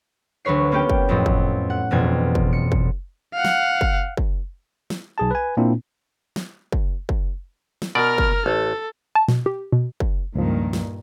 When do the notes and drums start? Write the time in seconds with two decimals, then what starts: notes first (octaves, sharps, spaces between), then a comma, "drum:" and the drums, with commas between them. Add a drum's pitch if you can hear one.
0.45 D2 F#3 B4 C#5 C7
0.71 A#3 B3 C#4 G4 G5
0.90 drum: kick
1.09 F2 A2 F3 F#3
1.26 drum: kick
1.70 F#5
1.91 E1 B1 F2 B2 G#6
2.35 drum: kick
2.53 C#7
2.72 drum: kick
3.34 F5 F#5
3.45 drum: snare
3.81 drum: kick
4.17 drum: kick
4.90 drum: snare
5.18 B1 G#4 A5
5.31 B4 G#5
5.57 A#2 A#3 C4 D4 E4
6.36 drum: snare
6.72 drum: kick
7.09 drum: kick
7.82 drum: snare
7.95 B2 A#4 D5 F6
8.18 drum: kick
8.46 A1 A4
9.15 A5
9.28 B2, drum: snare
9.46 G4
9.72 B2
10.00 drum: kick
10.35 C#2 G2 A#2 D#3 F3
10.73 drum: snare